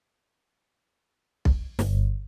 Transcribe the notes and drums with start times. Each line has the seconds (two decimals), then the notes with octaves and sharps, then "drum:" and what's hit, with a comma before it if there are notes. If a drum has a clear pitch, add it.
1.45 drum: kick B1
1.79 G1, drum: snare